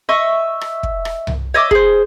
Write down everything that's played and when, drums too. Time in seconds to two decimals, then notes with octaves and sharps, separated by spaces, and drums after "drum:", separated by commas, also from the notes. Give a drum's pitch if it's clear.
0.09 D#5 E5 C#6
0.61 drum: rim click
0.83 drum: kick
1.05 drum: rim click
1.27 drum: tom C2
1.54 C#5 D#5 E5 D6
1.71 G#4 C5, drum: kick